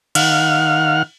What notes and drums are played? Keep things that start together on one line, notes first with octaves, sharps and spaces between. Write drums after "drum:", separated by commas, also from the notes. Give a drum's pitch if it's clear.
D#3 F5 F#5 F6, drum: cymbal